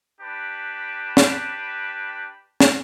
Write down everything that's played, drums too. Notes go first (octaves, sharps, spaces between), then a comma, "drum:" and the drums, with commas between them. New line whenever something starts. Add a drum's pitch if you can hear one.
D4 G4 B4
drum: snare
drum: snare